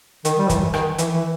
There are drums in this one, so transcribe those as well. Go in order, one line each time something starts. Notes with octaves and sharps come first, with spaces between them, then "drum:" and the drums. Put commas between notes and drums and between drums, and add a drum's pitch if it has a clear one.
D#3, drum: hi-hat
G3
E3, drum: kick, hi-hat
D#3, drum: rim click
E3, drum: hi-hat
E3